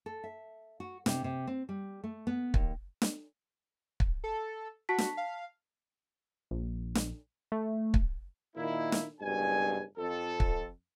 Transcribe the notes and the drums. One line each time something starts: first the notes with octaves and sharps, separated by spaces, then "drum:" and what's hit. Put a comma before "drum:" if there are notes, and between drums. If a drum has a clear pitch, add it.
A4
E5
F#4
C3, drum: snare
C3
C4
G3
A3
B3
D#2, drum: kick
drum: snare
drum: kick
A4
F#4 A5 B6
drum: snare
F5
A#1
drum: snare
A3
drum: kick
A#2 D#3 A#3 E4
drum: snare
F#1 G2 B2 G#5
F2 A4
drum: kick